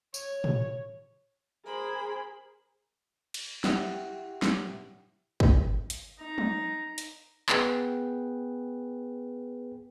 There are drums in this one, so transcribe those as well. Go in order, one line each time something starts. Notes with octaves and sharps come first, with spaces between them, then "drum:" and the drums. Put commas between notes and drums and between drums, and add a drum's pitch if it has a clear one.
C#5, drum: tambourine
drum: tom
G#4 A#4 C5 B5
drum: cymbal
E4 G4 E5 F#5 G5, drum: snare
drum: snare
drum: kick
drum: hi-hat
D#4 A#5
drum: tom
drum: hi-hat
B3 G#4 B4 G5, drum: clap